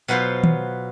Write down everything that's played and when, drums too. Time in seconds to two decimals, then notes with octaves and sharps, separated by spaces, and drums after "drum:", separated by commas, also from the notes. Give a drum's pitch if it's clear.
0.08 B2 F#3 B3 F4 C5
0.44 drum: tom D#3